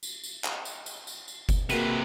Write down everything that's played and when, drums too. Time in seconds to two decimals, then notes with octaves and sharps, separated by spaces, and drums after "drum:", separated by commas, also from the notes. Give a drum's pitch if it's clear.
0.03 drum: tambourine
0.24 drum: tambourine
0.44 drum: clap
0.65 drum: tambourine
0.86 drum: tambourine
1.07 drum: tambourine
1.28 drum: tambourine
1.49 drum: kick F#1, tambourine
1.70 C3 A#3 F#4 G#4 B4, drum: tambourine